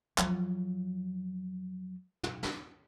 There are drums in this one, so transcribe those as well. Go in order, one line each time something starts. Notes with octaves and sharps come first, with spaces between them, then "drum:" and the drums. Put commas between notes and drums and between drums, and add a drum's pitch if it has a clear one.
F2 F#3, drum: clap
drum: tom
drum: snare